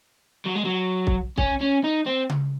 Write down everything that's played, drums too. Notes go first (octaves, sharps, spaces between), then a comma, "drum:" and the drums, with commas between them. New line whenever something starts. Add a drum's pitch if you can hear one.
F#3
G#3
F#3
drum: kick
C#4, drum: kick
C#4
D#4
C4
drum: tom C#3